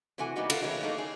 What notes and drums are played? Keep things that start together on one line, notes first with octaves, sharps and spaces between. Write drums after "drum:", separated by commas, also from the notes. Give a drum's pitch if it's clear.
C3 E3 A3 F#4 G#5
G3 A#3 B3 D#4 F#4 G4
A3 F4 F#4, drum: cymbal
B2 D#3 F#3 A3 A#3
E2 A3 A#3 D#4
G#4